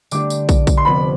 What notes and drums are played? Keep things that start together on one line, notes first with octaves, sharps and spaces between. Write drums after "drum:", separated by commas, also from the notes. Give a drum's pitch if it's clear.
D3 A3 D4 G4 D6, drum: tambourine
drum: tambourine
drum: kick, tambourine
drum: kick, tambourine
C6
F1 F2 C3 F3 B3 B5